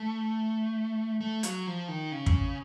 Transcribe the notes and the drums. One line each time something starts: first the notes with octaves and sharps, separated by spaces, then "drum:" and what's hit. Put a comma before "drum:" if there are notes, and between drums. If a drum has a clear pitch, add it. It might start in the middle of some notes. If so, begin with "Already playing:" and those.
Already playing: A3
A3
F#3, drum: hi-hat
F3
D#3
C#3
drum: kick